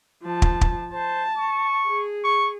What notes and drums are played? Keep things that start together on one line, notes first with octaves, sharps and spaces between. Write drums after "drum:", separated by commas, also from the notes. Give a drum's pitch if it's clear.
F3 A5
drum: kick
drum: kick
C5 A5
C#6
G#4
C#6